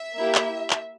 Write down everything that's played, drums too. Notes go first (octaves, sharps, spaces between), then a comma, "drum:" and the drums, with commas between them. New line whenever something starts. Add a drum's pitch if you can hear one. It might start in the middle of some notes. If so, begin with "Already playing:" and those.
Already playing: E5
A#3 E4 G4
drum: clap
drum: clap